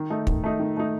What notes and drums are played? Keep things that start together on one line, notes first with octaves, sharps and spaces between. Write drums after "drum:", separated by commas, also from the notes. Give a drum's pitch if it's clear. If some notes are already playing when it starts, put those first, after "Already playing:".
Already playing: D#3
A3 D#4
D#3, drum: kick
A3 D#4
D#3
A3 D#4